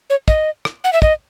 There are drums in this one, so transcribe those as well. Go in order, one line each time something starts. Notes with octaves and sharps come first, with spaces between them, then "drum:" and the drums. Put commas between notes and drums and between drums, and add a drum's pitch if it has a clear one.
C#5
D#5, drum: kick
drum: rim click
F#5
E5
D#5, drum: kick